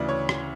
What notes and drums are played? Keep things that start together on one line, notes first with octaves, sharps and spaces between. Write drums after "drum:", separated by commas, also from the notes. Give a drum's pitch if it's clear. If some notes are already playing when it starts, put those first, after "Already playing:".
Already playing: D2 C#3 E3 D5
C#5
drum: rim click